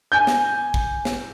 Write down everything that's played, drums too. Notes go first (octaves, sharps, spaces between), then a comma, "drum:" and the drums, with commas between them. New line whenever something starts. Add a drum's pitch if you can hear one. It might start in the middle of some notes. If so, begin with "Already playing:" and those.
G#5 G6
drum: snare
drum: kick
drum: snare